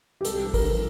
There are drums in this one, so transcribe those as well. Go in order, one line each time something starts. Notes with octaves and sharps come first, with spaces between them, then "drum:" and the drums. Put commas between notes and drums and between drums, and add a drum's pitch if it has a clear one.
G4
C2 A4, drum: hi-hat
F3
A#4, drum: kick, open hi-hat
F3